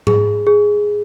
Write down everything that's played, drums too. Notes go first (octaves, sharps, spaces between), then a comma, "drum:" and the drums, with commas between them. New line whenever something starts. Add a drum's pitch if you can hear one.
G#4, drum: tom G#2
G#4